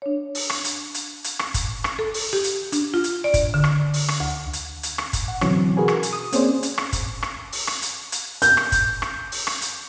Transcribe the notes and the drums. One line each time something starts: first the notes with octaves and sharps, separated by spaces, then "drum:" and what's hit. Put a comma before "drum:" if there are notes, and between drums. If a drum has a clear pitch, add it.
D4 C#5
drum: open hi-hat
drum: rim click
drum: hi-hat
drum: hi-hat
drum: hi-hat
drum: rim click
drum: kick, hi-hat
drum: rim click
A4
drum: open hi-hat
G4
drum: hi-hat
D4, drum: hi-hat
F4
drum: hi-hat
D5
drum: kick, hi-hat
D3
drum: rim click
drum: open hi-hat
drum: rim click
D2
drum: hi-hat
drum: hi-hat
drum: rim click
drum: kick, hi-hat
F#5
B2 D3 E3 F#3 C4 C#4, drum: rim click
F#4 G#4 A#4 B4 G#5
drum: rim click
drum: hi-hat
D#6
A#3 C4 C#4 G#4 C5 D5, drum: hi-hat
drum: hi-hat
drum: rim click
drum: kick, hi-hat
drum: rim click
drum: open hi-hat
drum: rim click
drum: hi-hat
drum: hi-hat
G6, drum: hi-hat
drum: rim click
drum: kick, hi-hat
drum: rim click
drum: open hi-hat
drum: rim click
drum: hi-hat